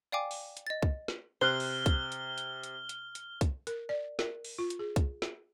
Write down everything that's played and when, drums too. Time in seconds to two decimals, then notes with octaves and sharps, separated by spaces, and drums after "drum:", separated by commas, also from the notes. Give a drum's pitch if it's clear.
0.12 D5 F5 G5 G#5 D6
0.31 drum: open hi-hat
0.57 drum: hi-hat
0.67 D#5 A6
0.82 drum: kick
1.08 drum: snare
1.41 C3 C5 F6 F#6 G7
1.60 drum: open hi-hat
1.86 drum: kick, hi-hat
2.12 drum: hi-hat
2.38 drum: hi-hat
2.63 drum: hi-hat
2.89 drum: hi-hat
3.15 drum: hi-hat
3.41 drum: kick, hi-hat
3.67 A#4, drum: hi-hat
3.89 D5
4.19 A#4, drum: snare
4.44 drum: open hi-hat
4.59 F4
4.70 drum: hi-hat
4.79 G#4
4.96 drum: kick, hi-hat
5.22 drum: snare